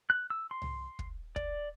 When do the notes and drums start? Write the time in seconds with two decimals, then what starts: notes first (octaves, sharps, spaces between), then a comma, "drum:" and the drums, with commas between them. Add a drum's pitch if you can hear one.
0.10 F#6
0.30 E6
0.51 C6
0.62 drum: tom
0.99 drum: kick
1.36 D5, drum: kick